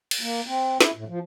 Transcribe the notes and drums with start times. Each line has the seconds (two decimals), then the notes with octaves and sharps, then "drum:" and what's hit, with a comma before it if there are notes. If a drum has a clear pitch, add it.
0.11 drum: cymbal
0.21 A#3
0.47 C4
0.81 E4, drum: snare
0.95 A2
1.08 F3